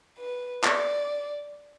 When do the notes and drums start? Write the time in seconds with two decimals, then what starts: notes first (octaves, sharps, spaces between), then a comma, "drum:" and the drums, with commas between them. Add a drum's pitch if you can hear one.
0.18 B4
0.64 D5, drum: clap